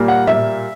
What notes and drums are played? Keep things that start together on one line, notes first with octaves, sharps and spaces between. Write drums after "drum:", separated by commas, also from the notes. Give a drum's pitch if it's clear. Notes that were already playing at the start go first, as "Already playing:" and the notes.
Already playing: A#2 G3 A#3
F#5
E5, drum: tom A2